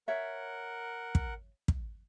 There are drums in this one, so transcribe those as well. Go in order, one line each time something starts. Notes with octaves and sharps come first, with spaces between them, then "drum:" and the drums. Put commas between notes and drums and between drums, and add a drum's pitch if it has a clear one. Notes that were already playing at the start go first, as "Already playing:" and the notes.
A#4 C#5 E5 F#5
drum: kick
drum: kick